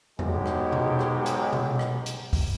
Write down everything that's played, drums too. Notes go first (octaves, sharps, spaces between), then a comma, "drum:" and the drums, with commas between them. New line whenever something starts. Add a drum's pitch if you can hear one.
B1 G#2 F#3 G#3 G4, drum: tom E2
drum: rim click
drum: tom B2
drum: rim click
drum: hi-hat
drum: tom B2
drum: rim click
drum: hi-hat
drum: kick, open hi-hat